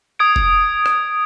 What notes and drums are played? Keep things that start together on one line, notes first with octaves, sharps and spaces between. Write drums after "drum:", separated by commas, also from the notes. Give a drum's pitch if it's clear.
D#6 G#6 D7
drum: kick F1
drum: rim click